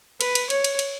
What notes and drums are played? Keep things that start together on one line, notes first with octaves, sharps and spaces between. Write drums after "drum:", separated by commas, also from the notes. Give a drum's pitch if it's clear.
B4, drum: cymbal
drum: cymbal
C#5, drum: cymbal
drum: cymbal
drum: cymbal